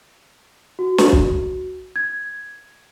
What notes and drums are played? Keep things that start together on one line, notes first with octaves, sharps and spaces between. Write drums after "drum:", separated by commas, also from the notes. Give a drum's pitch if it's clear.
F#4
drum: snare
drum: kick
G#6